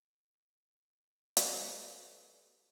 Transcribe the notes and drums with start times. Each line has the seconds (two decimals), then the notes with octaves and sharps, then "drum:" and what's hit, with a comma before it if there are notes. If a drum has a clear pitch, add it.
1.37 G4 A4 B4 C#5 D5, drum: hi-hat